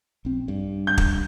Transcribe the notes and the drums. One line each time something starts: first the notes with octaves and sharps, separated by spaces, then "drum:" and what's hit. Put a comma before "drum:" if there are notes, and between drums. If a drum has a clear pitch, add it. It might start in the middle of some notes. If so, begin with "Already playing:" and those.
A#1 C4
G2
G6
drum: kick